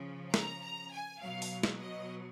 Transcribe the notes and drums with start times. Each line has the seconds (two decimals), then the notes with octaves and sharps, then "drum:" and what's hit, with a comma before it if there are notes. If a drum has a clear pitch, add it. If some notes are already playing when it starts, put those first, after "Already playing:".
Already playing: C#3 F3
0.34 A#5, drum: snare
0.63 A#5
0.91 G#5
1.20 B2 F#3 F5
1.42 drum: open hi-hat
1.63 drum: snare
1.78 D#5